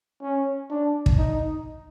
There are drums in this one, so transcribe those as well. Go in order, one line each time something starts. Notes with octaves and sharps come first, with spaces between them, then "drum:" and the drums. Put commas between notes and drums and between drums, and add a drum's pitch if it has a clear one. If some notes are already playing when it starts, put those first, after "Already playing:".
C#4
D4
drum: kick
D#4